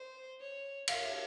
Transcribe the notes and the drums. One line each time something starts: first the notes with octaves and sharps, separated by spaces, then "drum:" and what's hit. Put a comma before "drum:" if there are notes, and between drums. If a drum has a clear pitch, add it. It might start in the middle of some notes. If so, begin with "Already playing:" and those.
Already playing: C5
C#5
C#5 F5, drum: cymbal